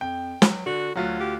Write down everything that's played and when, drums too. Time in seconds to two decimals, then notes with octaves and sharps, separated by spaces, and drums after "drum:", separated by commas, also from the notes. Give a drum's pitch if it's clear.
0.01 F2 G5
0.42 F#3, drum: snare
0.66 D3 F#4
0.96 D2 F#3 F4 F#4
1.20 G4